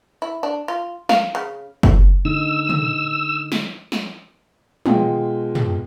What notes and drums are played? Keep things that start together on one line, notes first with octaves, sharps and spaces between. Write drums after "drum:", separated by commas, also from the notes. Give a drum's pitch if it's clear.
E4
D4
F4
F5, drum: snare
C#3
drum: kick
D3 D#4 E6
drum: tom
drum: snare
drum: snare
B2 G#3 F4 G5, drum: tom
drum: tom